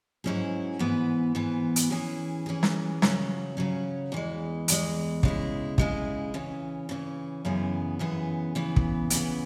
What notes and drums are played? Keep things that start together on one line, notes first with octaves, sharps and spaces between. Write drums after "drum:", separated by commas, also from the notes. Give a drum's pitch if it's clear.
G#2 F#3 C#4 E4 G#4
G#2 E3 B3
G#2 E3 B3
drum: hi-hat
E3 C#4 G#4
E3 C#4 G#4
drum: snare
C#3 F#3 C#4, drum: snare
C#3 F#3 C#4
E2 E3 G#3
E2 E3 G#3, drum: hi-hat
C#3 G#3 E4, drum: kick
C#3 G#3 E4, drum: kick
C#3 E3 C#4
C#3 E3 C#4
F#2 C#3 E3 B3 G#4
F#2 C#3 E3 B3 G#4
C#3 E3 B3
drum: kick
C#3 E3 B3, drum: hi-hat